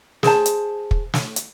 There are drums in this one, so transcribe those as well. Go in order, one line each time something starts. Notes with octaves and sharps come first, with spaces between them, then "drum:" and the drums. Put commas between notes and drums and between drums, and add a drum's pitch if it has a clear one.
G#4 C5 A5, drum: snare
drum: hi-hat
drum: kick
drum: snare
drum: hi-hat